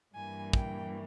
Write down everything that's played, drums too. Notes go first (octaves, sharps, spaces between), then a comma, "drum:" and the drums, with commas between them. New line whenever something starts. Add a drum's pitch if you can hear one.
G2 E3 A#3 G#5
G5, drum: kick